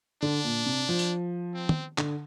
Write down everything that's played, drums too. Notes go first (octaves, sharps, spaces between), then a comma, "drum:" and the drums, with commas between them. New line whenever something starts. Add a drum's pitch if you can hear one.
D3 D4
A#2
C3
F3
drum: tambourine
C4
drum: tom
D3, drum: clap